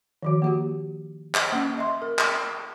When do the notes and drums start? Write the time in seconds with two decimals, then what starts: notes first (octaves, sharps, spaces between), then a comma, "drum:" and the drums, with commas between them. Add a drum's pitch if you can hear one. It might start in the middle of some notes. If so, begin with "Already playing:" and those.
0.23 D#3 F3 F#4
0.42 A#3 F#4 G4
1.35 drum: clap
1.52 A#3 C#4
1.78 D#5 E5 C6
2.02 A#4
2.19 drum: clap